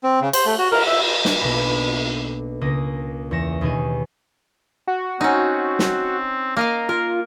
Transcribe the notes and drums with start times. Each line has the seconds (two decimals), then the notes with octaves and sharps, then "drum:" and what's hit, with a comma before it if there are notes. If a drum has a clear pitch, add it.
0.04 C4
0.21 C#3
0.33 C5, drum: cymbal
0.46 A3
0.58 F#4
0.72 A#4, drum: cymbal
0.87 E5
1.25 D4, drum: snare
1.40 B1 A#3 B3 A4 B5
2.61 C#2 A#3 D#6 A#6
3.31 E2 C#5 A#6 E7
3.61 D#2 B2 D#4 G#4 D#7
4.87 F#4
5.21 C4 C#4 D#4
5.79 drum: snare
6.57 A#3 D#5 F5 A#5
6.89 F4 A#4